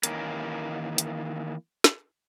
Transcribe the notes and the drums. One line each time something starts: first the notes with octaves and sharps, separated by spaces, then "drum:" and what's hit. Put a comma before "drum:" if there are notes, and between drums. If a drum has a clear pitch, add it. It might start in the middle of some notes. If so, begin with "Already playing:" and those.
D#3 E3 A#3 C#4 A#4, drum: hi-hat
drum: hi-hat
drum: snare